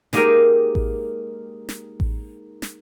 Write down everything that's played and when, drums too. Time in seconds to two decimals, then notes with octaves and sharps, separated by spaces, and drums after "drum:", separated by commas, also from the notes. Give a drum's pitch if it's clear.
0.13 G#3 A#3 D#4 G4 G#4 A#4, drum: snare
0.75 drum: kick A1
1.69 drum: snare
2.00 drum: kick A1
2.62 drum: snare